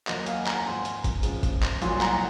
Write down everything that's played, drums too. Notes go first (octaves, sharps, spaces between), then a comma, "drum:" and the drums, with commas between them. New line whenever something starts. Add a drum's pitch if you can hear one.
D#2 D#3 F#3 A#3 D#5 F#5, drum: clap
F5 G#5, drum: hi-hat
F#5 A#5, drum: clap
G#2 F3 C4 G#5 C6
drum: hi-hat
drum: kick, hi-hat
C#2 C#3 F3 G#3, drum: hi-hat
drum: kick, hi-hat
drum: clap
C2 A#2 F#3 G#5 C6, drum: hi-hat
F#5 A#5, drum: clap